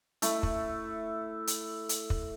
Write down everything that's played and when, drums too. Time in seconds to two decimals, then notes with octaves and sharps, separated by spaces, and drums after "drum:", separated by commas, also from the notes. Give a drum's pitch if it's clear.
0.22 A3 E4, drum: hi-hat
0.43 drum: kick
1.47 drum: hi-hat
1.89 drum: hi-hat
2.10 drum: kick